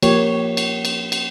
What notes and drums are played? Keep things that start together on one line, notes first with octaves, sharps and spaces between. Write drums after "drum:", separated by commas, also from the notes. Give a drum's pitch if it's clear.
F3 A#3 G4 C#5, drum: cymbal
drum: cymbal
drum: cymbal
drum: cymbal